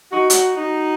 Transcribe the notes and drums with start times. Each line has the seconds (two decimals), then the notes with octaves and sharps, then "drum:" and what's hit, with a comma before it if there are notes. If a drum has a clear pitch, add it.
0.11 D#4 F#4
0.30 D#4 F#4, drum: hi-hat
0.56 D#4 F#4